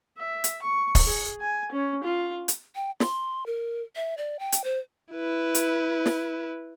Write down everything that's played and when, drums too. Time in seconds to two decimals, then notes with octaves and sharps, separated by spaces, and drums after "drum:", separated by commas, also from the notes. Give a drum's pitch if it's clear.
0.18 E5
0.44 drum: hi-hat
0.62 C#6
0.95 drum: kick, open hi-hat
1.06 G#4
1.40 G#5
1.72 C#4
2.03 F4
2.48 drum: hi-hat
2.75 G5
3.00 C6, drum: snare
3.46 A#4
3.96 E5
4.18 D5
4.39 G5
4.52 drum: hi-hat
4.64 C5
5.12 E4 B4
5.55 drum: hi-hat
6.06 drum: snare